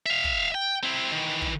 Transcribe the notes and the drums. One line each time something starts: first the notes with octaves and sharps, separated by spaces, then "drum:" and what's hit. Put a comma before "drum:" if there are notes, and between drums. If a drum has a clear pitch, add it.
E5 F5
drum: kick
G5
C4 E4
D#3 E3
drum: kick